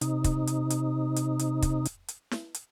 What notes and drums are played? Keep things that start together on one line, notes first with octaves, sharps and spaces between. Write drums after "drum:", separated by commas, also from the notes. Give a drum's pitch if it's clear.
C3 D#4, drum: hi-hat
drum: kick, hi-hat
drum: hi-hat
drum: hi-hat
drum: hi-hat
drum: hi-hat
drum: kick, hi-hat
drum: hi-hat
drum: hi-hat
drum: snare
drum: hi-hat